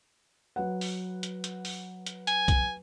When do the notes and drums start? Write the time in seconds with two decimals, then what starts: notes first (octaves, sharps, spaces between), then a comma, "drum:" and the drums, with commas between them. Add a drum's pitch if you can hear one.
0.56 F#3 B4 F#5
0.81 drum: open hi-hat
1.23 drum: hi-hat
1.44 drum: hi-hat
1.65 drum: open hi-hat
2.06 drum: hi-hat
2.27 G#5, drum: hi-hat
2.48 drum: kick B1, hi-hat